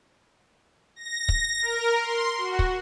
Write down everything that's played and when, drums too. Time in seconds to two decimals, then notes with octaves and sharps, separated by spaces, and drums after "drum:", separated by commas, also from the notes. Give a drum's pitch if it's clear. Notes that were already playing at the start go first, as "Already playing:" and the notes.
0.96 A#6
1.29 drum: kick
1.62 A#4
2.00 C6
2.38 F#4
2.59 drum: kick